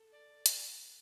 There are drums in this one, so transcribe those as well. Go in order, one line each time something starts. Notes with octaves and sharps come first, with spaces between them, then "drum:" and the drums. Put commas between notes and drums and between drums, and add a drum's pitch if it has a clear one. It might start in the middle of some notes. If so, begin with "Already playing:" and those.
Already playing: A4
D5
drum: hi-hat